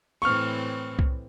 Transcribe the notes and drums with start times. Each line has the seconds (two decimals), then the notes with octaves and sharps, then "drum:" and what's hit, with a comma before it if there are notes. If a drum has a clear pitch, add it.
0.22 A2 E3 C4 C#6 F6
0.99 drum: kick C2